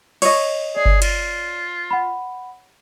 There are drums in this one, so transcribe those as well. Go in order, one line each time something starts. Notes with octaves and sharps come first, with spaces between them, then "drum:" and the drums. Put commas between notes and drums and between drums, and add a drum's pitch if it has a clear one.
C#5 D#5, drum: cymbal
G#4 D5
drum: kick G1
F4, drum: cymbal
F#5 B5